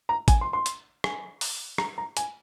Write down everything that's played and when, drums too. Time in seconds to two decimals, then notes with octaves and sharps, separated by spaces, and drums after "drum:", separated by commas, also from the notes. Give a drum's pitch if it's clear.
0.09 A#5
0.28 G#5, drum: kick A1, hi-hat
0.41 C6
0.53 C6
0.66 drum: hi-hat
1.04 G#5, drum: rim click
1.41 drum: open hi-hat
1.78 A#5, drum: rim click
1.98 A#5
2.17 G#5, drum: hi-hat